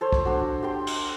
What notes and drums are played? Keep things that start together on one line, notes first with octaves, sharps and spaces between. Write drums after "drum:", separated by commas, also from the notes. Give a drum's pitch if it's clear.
A4 C5 C#5
drum: kick
D4 F#4
G4 G5 C6
drum: cymbal